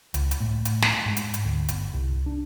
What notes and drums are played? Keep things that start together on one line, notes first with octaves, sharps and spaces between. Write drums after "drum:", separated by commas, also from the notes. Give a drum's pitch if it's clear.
C#2, drum: hi-hat
drum: hi-hat
A2
drum: hi-hat
drum: snare
G#2
drum: hi-hat
drum: hi-hat
D2
G1, drum: hi-hat
C2
D4